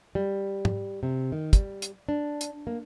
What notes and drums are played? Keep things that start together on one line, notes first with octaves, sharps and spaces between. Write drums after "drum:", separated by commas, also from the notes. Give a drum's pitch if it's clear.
G3
drum: tom
C3
D#3
G3, drum: kick, hi-hat
drum: hi-hat
D4
drum: hi-hat
A#3